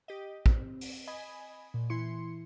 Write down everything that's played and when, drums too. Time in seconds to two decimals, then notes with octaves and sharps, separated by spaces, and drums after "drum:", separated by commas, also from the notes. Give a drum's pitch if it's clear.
0.08 G4 D#5
0.46 C4, drum: kick
0.81 drum: open hi-hat
1.07 D#5 G#5 B5
1.74 A#2
1.90 E3 E4 C6 C#7